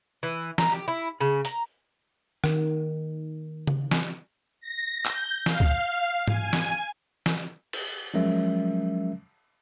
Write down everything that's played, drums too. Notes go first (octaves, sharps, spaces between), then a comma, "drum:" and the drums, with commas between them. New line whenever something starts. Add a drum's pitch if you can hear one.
E3
A#5, drum: snare
G4
E4
C#3
A#5, drum: hi-hat
D#3, drum: rim click
drum: tom C#3
drum: snare
A#6
G6, drum: clap
F5, drum: snare
drum: kick
G#5, drum: tom
drum: snare
drum: snare
drum: cymbal
F3 F#3 G#3 C#4 A#4 E5